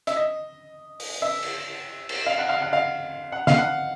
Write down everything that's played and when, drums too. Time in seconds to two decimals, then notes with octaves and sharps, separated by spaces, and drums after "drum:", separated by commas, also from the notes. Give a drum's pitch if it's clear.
0.07 E5, drum: hi-hat
0.16 D#5
1.00 drum: open hi-hat
1.22 E5
1.43 drum: cymbal
2.09 drum: cymbal
2.26 F5
2.38 F#5
2.49 F5
2.62 F#5
2.73 F5
3.32 F#5
3.47 F5, drum: snare
3.57 F#5